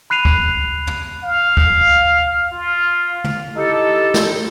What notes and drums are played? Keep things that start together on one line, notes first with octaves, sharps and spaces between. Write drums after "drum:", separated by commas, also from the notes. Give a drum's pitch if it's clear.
B5 F#6 C7 D#7 F7
drum: kick
drum: tom
F5
drum: kick
F4
drum: tom
D#4 E4 G4 A4
drum: snare